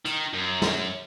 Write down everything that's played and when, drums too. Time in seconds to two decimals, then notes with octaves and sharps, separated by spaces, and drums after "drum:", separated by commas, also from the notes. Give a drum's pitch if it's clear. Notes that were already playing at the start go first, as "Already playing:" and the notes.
0.05 D#3, drum: hi-hat
0.34 F#2
0.62 drum: snare